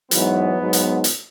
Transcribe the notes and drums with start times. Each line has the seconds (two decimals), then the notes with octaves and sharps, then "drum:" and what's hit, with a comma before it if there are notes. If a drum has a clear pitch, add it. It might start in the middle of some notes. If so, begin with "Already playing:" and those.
0.11 G#2 E3 F#3 B3, drum: hi-hat
0.57 G#2 F#3
0.73 drum: hi-hat
1.04 drum: hi-hat